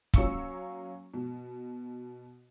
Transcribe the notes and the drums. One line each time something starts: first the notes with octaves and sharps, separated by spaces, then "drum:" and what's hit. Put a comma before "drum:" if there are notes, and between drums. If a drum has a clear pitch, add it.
F#3 A#3 C#4 C#6 E6 C#7, drum: kick
B2